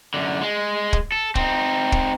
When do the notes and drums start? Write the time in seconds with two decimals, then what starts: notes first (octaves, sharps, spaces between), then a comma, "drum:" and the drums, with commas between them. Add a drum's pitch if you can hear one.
0.14 F#2 D3
0.41 G#3
0.93 drum: kick
1.12 A4
1.35 C4 D#4, drum: kick
1.92 drum: kick